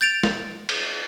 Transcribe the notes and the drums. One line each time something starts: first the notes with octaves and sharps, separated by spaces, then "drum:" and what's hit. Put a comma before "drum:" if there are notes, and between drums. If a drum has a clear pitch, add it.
G6 A6 D7 F7
drum: snare
drum: cymbal